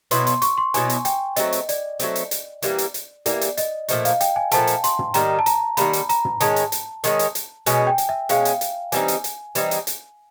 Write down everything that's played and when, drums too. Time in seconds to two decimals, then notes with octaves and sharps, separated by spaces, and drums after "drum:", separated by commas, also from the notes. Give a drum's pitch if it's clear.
0.11 B2 F#3 B3 E4 C6, drum: hi-hat
0.27 C6, drum: hi-hat
0.42 C#6, drum: hi-hat
0.58 C6
0.74 B2 F#3 B3 E4 G#5, drum: hi-hat
0.90 drum: hi-hat
1.05 G5, drum: hi-hat
1.36 F#3 A3 C4 D#5, drum: hi-hat
1.52 drum: hi-hat
1.69 D5, drum: hi-hat
2.00 F#3 A3 C4, drum: hi-hat
2.15 drum: hi-hat
2.31 drum: hi-hat
2.63 E3 G3 A#3, drum: hi-hat
2.78 drum: hi-hat
2.94 drum: hi-hat
3.26 E3 G3 A#3 D5, drum: hi-hat
3.41 drum: hi-hat
3.57 D#5, drum: hi-hat
3.89 A#2 F3 A3 D#5, drum: hi-hat
4.05 F5, drum: hi-hat
4.21 G5, drum: hi-hat
4.36 G#5
4.52 A#2 F3 A3 A5, drum: hi-hat
4.67 drum: hi-hat
4.84 C6, drum: hi-hat
4.99 drum: tom
5.14 D#3 G3 A#3 A#5, drum: hi-hat
5.39 A5
5.46 A#5, drum: hi-hat
5.77 D#3 G3 A#3 B5, drum: hi-hat
5.93 drum: hi-hat
6.09 A#5, drum: hi-hat
6.25 drum: tom
6.40 D#3 G#3 C#4 A5, drum: hi-hat
6.56 drum: hi-hat
6.72 drum: hi-hat
7.04 D#3 G#3 C#4, drum: hi-hat
7.19 drum: hi-hat
7.35 drum: hi-hat
7.66 B2 G#3 C#4 G#5, drum: hi-hat
7.87 G5
7.98 drum: hi-hat
8.09 E5
8.29 B2 G#3 C#4 F5, drum: hi-hat
8.45 drum: hi-hat
8.61 drum: hi-hat
8.92 E3 G3 C4 D#4 G#5, drum: hi-hat
9.08 drum: hi-hat
9.24 drum: hi-hat
9.55 E3 G3 C4 D#4, drum: hi-hat
9.71 drum: hi-hat
9.87 drum: hi-hat